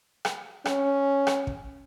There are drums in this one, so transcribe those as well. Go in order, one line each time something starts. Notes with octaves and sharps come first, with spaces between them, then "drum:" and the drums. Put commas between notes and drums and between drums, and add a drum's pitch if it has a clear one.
drum: rim click
C#4, drum: rim click
drum: rim click
drum: kick